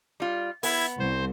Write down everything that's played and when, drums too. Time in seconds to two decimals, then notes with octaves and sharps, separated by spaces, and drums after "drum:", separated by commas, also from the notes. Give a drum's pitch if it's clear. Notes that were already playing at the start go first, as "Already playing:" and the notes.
0.20 G3 F4
0.63 B3 E4 G#6, drum: open hi-hat
0.99 C2 C5